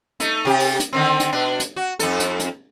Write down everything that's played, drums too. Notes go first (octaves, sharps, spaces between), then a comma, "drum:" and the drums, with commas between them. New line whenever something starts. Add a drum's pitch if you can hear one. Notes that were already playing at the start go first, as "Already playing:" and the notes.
A3 D#4, drum: hi-hat
C3 G4
drum: open hi-hat
drum: hi-hat
D3 D#3 C4
drum: hi-hat
B2 D4
drum: hi-hat
F#4
F2 D#4 A4, drum: hi-hat
drum: hi-hat
drum: hi-hat